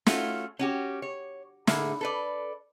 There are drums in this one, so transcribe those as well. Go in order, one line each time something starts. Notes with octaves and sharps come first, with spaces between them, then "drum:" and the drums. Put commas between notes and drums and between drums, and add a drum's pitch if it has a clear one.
A3 C#4 F4 F#4, drum: snare
C#4 F#4 G4
C#5
A2 D3 A#3 G#4 E5, drum: snare
A4 B4 D5